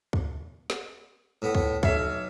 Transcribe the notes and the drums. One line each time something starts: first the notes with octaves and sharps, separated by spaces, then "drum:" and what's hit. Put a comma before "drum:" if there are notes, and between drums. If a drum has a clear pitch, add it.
drum: kick
drum: snare
A2 B3
drum: kick
B1 C#5 E5 F5, drum: kick